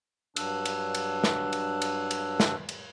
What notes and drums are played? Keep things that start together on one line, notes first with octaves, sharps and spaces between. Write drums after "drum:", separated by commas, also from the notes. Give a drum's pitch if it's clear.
G2 F#3 D4 E6 F#6, drum: cymbal
drum: cymbal
drum: cymbal
drum: snare
drum: cymbal
drum: cymbal
drum: cymbal
drum: snare
drum: cymbal